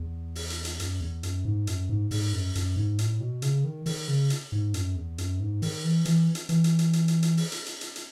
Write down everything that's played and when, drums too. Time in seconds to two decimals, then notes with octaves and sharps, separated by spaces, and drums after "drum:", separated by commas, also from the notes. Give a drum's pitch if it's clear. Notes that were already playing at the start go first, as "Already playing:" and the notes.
Already playing: E2
0.35 drum: open hi-hat
0.50 drum: hi-hat
0.65 drum: hi-hat
0.80 F#2, drum: hi-hat
1.01 E2
1.23 F#2, drum: hi-hat
1.45 G#2
1.67 F#2, drum: hi-hat
1.89 G#2
2.11 G#2, drum: open hi-hat
2.33 F#2
2.55 F#2, drum: hi-hat
2.76 G#2
2.99 A2, drum: hi-hat
3.20 B2
3.42 C#3, drum: hi-hat
3.64 D#3
3.86 D#3, drum: open hi-hat
4.08 C#3
4.30 drum: hi-hat
4.52 G#2
4.74 F#2, drum: hi-hat
4.96 E2
5.18 F#2, drum: hi-hat
5.40 G#2
5.62 D#3, drum: open hi-hat
5.84 E3
6.05 E3, drum: hi-hat
6.35 drum: hi-hat
6.49 E3, drum: hi-hat
6.64 drum: hi-hat
6.79 drum: hi-hat
6.93 drum: hi-hat
7.08 drum: hi-hat
7.23 drum: hi-hat
7.37 drum: open hi-hat
7.52 drum: hi-hat
7.66 drum: hi-hat
7.81 drum: hi-hat
7.96 drum: hi-hat